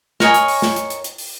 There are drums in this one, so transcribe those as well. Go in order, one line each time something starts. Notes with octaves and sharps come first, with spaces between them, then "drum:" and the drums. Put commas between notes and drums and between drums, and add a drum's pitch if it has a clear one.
A#4 C#5 D#5 G#5, drum: snare
drum: hi-hat
drum: open hi-hat
drum: snare
drum: hi-hat
drum: hi-hat
drum: hi-hat
drum: open hi-hat